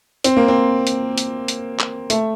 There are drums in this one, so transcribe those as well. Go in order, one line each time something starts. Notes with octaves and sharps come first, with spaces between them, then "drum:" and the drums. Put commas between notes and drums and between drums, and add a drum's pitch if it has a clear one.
C4, drum: hi-hat
A#3
C4
drum: hi-hat
drum: hi-hat
drum: hi-hat
drum: clap
A3, drum: hi-hat